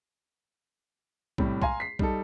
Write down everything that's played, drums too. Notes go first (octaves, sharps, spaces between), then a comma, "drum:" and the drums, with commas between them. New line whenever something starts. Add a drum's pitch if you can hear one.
A2 C3 G3, drum: kick B1
F5 G#5 A#5 C6, drum: kick B1
B6 C7
G3 D#4 A4, drum: kick B1